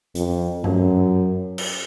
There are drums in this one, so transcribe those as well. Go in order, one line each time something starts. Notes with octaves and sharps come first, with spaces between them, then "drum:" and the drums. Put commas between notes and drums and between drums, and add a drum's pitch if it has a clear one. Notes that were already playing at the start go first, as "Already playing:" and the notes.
F2, drum: hi-hat
F#2, drum: tom G2
drum: cymbal